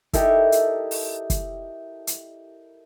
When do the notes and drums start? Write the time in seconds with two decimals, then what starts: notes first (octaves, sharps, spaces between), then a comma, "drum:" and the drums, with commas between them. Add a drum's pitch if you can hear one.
0.13 E4 G4 A4 A#4 D#5 G5, drum: kick, hi-hat
0.52 drum: hi-hat
0.91 drum: open hi-hat
1.30 drum: kick, hi-hat
2.07 drum: hi-hat